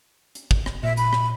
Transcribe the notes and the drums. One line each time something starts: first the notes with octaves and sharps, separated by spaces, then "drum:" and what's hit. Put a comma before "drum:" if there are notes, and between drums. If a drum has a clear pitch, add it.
drum: hi-hat
drum: kick
drum: rim click
A#2 E5
B5, drum: hi-hat
drum: rim click